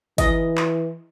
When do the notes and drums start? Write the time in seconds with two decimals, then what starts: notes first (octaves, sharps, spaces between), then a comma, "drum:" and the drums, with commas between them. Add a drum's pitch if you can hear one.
0.18 E3 D#5, drum: kick, hi-hat
0.57 drum: clap